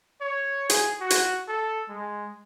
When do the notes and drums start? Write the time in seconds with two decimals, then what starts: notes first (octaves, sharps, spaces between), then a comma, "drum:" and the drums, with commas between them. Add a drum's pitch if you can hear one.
0.21 C#5
0.70 G#4, drum: hi-hat
1.01 F#4
1.10 drum: hi-hat
1.48 A4
1.89 G#3